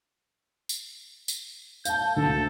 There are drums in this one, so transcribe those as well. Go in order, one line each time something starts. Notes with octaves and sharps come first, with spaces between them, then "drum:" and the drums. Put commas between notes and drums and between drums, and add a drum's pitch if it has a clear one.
drum: tambourine
drum: tambourine
F5 A5 G6, drum: tambourine
D2 A4